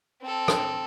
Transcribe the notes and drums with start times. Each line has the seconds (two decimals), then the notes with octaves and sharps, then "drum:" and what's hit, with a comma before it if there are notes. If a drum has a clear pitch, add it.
0.22 C4 A4
0.48 drum: rim click